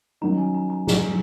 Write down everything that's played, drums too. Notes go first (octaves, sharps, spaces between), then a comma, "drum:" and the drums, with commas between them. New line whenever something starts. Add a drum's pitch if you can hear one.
D#3 F#3 C#4 A#5
G#5
A#5
A#5
A#5, drum: snare